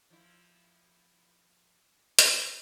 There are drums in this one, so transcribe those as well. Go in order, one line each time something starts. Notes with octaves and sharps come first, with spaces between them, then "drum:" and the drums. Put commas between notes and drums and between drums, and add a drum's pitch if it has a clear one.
F3 E4
drum: hi-hat